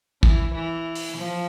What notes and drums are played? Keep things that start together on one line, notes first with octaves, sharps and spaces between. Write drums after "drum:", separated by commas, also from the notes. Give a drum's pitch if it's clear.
E3, drum: kick
E3
drum: open hi-hat
F3